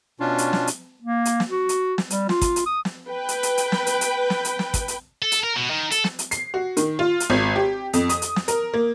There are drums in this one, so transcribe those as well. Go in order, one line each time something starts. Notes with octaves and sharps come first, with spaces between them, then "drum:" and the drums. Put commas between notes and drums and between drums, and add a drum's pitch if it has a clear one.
B2 C#4 D4 F4
drum: hi-hat
drum: snare
drum: hi-hat
A#3
drum: hi-hat
drum: snare
F#4
drum: hi-hat
drum: snare
G3, drum: hi-hat
F4, drum: snare
drum: kick, hi-hat
drum: hi-hat
D#6
drum: snare
B4 G5
drum: hi-hat
drum: hi-hat
drum: hi-hat
drum: snare
drum: hi-hat
drum: hi-hat
drum: snare
drum: hi-hat
drum: snare
drum: kick, hi-hat
drum: hi-hat
A4
drum: hi-hat
A#4
B2
D#3
A4, drum: hi-hat
drum: snare
drum: hi-hat
C7, drum: hi-hat
F#4
D#3, drum: hi-hat
F4
drum: hi-hat
G#1
G4
F2, drum: hi-hat
D#6, drum: hi-hat
drum: hi-hat
drum: snare
A#4, drum: hi-hat
A#3